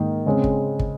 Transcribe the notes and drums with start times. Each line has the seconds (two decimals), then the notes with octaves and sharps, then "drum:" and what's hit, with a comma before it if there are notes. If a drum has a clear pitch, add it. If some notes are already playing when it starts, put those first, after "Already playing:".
Already playing: G#2 D#3 A#3 D#4
0.26 C#3 G#3 C4
0.44 drum: kick
0.79 drum: kick